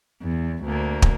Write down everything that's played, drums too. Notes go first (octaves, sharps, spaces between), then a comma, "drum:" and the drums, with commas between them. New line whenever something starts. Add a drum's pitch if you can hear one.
E2
D2 A#3
drum: kick